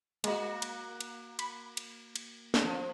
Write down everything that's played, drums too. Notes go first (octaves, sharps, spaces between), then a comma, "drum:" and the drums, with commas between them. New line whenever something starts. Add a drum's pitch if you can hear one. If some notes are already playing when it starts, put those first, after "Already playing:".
G#3 A#3 F#4 D#5, drum: cymbal
drum: cymbal
drum: cymbal
B5, drum: cymbal
drum: cymbal
drum: cymbal
drum: snare
F3